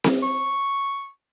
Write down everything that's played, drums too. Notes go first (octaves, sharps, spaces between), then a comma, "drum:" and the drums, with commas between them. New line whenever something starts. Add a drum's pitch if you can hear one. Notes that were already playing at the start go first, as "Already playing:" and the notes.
drum: snare C4
C#6